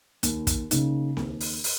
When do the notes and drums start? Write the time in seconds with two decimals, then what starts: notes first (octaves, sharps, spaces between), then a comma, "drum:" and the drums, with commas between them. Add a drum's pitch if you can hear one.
0.23 D#2, drum: hi-hat
0.47 drum: kick, hi-hat
0.71 C#3 A#3 D#4, drum: hi-hat
1.17 D#2, drum: snare C4
1.40 drum: open hi-hat
1.64 drum: open hi-hat